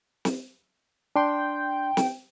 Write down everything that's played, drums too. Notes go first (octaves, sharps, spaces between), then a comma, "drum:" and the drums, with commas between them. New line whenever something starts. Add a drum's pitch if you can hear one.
drum: snare
D4 G5 C6
drum: snare